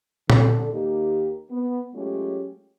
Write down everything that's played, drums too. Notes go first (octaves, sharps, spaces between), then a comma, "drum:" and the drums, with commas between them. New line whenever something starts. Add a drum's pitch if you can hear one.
D3 A4, drum: tom A#2
D#2 A#3 D#4 G4
B3
F#3 G#3 A3 C#4 F4 G4